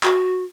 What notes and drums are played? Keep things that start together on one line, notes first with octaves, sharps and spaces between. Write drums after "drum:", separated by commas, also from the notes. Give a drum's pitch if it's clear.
F#4, drum: clap